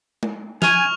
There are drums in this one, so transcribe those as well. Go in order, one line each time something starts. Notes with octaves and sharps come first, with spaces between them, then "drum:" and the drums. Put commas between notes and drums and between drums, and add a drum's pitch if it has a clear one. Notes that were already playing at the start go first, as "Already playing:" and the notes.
drum: tom G#3
G#5 C#6 F6 F7, drum: snare